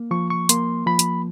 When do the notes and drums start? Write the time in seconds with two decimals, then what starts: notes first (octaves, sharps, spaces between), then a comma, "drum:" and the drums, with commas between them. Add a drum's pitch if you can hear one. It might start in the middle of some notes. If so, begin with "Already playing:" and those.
Already playing: A#3
0.11 F3 C#6
0.30 C#6
0.49 A#3 C6, drum: hi-hat
0.86 F3 B5
0.99 drum: hi-hat